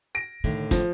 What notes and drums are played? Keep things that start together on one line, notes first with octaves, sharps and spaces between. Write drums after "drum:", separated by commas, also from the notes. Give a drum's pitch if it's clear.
A#6 D7
D#2 A2 D3 D#3
F3, drum: kick, hi-hat